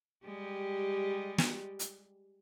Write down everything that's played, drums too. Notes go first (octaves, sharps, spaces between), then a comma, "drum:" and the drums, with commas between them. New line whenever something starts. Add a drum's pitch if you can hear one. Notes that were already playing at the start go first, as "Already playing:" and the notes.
G3 G#3 G4
drum: snare
drum: hi-hat